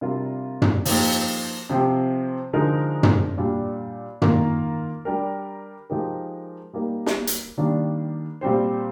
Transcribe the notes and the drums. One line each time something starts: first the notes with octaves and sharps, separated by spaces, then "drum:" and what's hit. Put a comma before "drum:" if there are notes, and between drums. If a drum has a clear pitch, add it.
C3 G3 D4 F4 A#4
drum: tom
F3 A#3 D#4 G4, drum: open hi-hat
C3 F3 C4 G4 C5
D3 F3 G#3 D#4 A#4
drum: tom
A#2 G3 D4
D#3 A#3 F4 A#4, drum: tom
G3 D4 G4 A#4
F3 G#3 D#4 G4 A#4
G3 A#3 D#4 A#4
drum: snare
drum: hi-hat
D#3 G3 A#3 D4
A#2 G3 C4 G4 C5